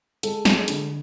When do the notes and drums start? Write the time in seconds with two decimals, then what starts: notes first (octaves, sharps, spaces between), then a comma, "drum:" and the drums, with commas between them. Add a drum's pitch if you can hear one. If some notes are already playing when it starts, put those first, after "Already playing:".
0.23 G#3 A4, drum: hi-hat
0.45 G#3, drum: snare
0.68 D3, drum: hi-hat